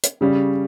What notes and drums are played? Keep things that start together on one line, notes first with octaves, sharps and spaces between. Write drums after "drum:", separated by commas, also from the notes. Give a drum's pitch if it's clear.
drum: hi-hat
C#3 G3 C#4